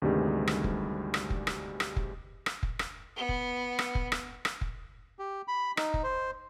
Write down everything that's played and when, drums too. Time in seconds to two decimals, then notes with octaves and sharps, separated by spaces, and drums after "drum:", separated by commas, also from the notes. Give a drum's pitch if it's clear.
0.02 D2 G2 C3 D#3 G3 G#3
0.47 drum: rim click
0.64 drum: kick F1
1.14 drum: rim click
1.30 drum: kick F1
1.47 drum: rim click
1.80 drum: rim click
1.96 drum: kick F1
2.46 drum: rim click
2.63 drum: kick F1
2.79 drum: rim click
3.16 B3
3.29 drum: kick F1
3.79 drum: rim click
3.95 drum: kick F1
4.12 drum: rim click
4.45 drum: rim click
4.61 drum: kick F1
5.19 G4
5.48 B5
5.77 D#4, drum: rim click
5.94 drum: kick F1
6.03 C5